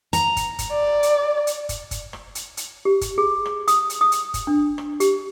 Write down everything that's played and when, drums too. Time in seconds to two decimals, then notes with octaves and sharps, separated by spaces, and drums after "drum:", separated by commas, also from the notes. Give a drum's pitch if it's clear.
0.13 A#5, drum: hi-hat
0.36 drum: kick, hi-hat
0.59 drum: kick, hi-hat
0.73 D5
1.03 drum: hi-hat
1.47 drum: hi-hat
1.69 drum: kick, hi-hat
1.91 drum: kick, hi-hat
2.13 drum: rim click
2.35 drum: hi-hat
2.57 drum: hi-hat
2.85 G4
3.01 drum: kick, hi-hat
3.18 G#4
3.45 drum: rim click
3.68 D#6, drum: hi-hat
3.90 drum: hi-hat
4.01 D#6
4.12 drum: hi-hat
4.34 drum: kick, hi-hat
4.47 D4
4.78 drum: rim click
5.00 G4, drum: hi-hat